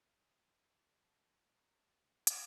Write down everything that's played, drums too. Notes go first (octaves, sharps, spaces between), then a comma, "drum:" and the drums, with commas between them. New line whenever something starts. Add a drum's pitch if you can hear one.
E5
G#4
G#3
G5
D#4
A4
G#3
A#4
D4
A3
E5, drum: hi-hat